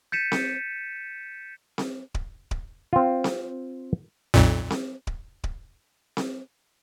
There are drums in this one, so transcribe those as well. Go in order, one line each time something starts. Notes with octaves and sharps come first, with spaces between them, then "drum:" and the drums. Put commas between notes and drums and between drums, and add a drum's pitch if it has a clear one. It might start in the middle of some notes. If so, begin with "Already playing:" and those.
G6 A6 B6 C#7 D#7 E7
drum: snare C4
drum: snare C4
drum: kick D1
drum: kick D1
C4 F4
drum: snare C4
B1 F2 A#2
drum: snare C4
drum: kick D1
drum: kick D1
drum: snare C4